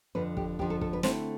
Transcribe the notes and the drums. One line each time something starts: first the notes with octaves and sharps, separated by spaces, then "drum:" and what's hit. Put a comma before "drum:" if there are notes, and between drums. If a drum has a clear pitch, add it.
F2 D3 F3 B4
G4, drum: kick
F2 D3 F3 G4, drum: kick
A4
A4, drum: kick
B4
D3 A3 C4 E4 C5, drum: snare